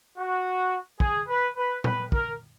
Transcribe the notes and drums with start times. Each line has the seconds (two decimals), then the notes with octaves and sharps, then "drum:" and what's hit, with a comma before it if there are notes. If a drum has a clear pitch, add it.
0.16 F#4
1.00 G#4, drum: kick
1.28 B4
1.56 B4
1.84 B4, drum: tom A#2
2.12 A#4, drum: kick